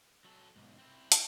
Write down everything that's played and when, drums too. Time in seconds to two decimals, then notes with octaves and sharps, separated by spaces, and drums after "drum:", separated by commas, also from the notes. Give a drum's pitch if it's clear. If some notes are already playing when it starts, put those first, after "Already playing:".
0.25 F#3 A4
0.56 B1 G#2
0.78 C4 E4
1.12 drum: hi-hat